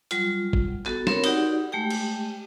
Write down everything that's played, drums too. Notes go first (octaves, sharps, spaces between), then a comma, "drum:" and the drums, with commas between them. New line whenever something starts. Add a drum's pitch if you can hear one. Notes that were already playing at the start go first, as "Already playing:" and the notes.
F#3 G3 F4, drum: hi-hat
drum: kick G1
B3 F#4 A4, drum: clap
C4 A#4 C#5 B5, drum: snare
D#4 F#4 G4 D5 F#5, drum: cymbal
G#3 A3 G4 G5
drum: cymbal